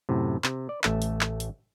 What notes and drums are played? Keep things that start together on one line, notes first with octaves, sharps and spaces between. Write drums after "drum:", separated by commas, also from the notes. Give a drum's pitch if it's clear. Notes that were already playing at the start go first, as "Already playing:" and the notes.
F#2 A2 C3
C3, drum: clap
D5
A1 A3 E5, drum: clap
drum: hi-hat
drum: clap
drum: hi-hat